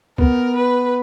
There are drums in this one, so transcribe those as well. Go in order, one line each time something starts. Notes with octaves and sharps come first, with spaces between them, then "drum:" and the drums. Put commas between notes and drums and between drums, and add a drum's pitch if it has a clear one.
B3 A#4, drum: kick
B4